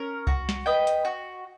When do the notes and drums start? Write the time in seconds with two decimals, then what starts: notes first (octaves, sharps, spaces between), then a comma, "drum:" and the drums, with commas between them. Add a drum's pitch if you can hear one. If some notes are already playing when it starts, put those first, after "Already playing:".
Already playing: C#4 A#4
0.27 F#4, drum: kick C2
0.49 drum: snare
0.66 B4 D#5 G5
0.87 drum: hi-hat
1.05 F#4